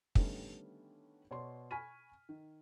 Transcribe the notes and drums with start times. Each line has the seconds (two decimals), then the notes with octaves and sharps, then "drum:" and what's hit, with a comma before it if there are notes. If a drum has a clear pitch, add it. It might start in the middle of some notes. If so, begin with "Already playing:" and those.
0.15 D3 D#3 G3 A3 B3 C#4, drum: kick
1.31 B2 C#5 D5 C6
1.71 G#5 B5 C#6 F6 B6 D#7
2.29 D#3